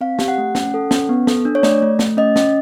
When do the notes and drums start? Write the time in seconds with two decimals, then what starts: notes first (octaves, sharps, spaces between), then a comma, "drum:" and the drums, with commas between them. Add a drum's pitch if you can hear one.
0.01 C4 F5
0.19 G4, drum: snare
0.28 F#5
0.38 A3
0.55 C#4, drum: snare
0.74 A4
0.91 C#4, drum: snare
1.09 B3
1.27 A4, drum: snare
1.45 D4
1.55 C#5
1.63 A3 D5, drum: snare
1.82 A3
1.99 A3, drum: snare
2.17 C#4 D#5
2.36 C#4, drum: snare